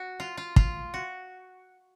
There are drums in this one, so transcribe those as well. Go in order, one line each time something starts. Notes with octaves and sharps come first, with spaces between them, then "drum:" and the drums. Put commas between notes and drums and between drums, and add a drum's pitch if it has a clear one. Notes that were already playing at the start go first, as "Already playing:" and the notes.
Already playing: F#4
F4
F4
F4, drum: kick
F#4